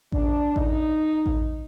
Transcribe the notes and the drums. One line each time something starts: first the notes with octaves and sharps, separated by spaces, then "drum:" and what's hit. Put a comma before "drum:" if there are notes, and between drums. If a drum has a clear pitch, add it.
D4, drum: kick A1
D#4, drum: kick A1
drum: kick A1